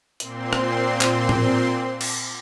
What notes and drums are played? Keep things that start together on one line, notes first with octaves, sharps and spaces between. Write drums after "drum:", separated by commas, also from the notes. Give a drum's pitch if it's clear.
A#2 C4 C6, drum: hi-hat
drum: rim click
drum: clap
drum: tom A2
drum: cymbal